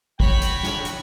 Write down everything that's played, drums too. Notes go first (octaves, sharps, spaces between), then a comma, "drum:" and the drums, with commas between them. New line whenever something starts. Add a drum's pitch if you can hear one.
F#4 C#5 G5 B5, drum: kick
drum: hi-hat
drum: snare
drum: hi-hat